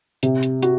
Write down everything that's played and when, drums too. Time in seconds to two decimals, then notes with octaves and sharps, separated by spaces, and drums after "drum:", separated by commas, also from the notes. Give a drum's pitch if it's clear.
0.23 C3, drum: hi-hat
0.43 drum: hi-hat
0.63 F#4, drum: hi-hat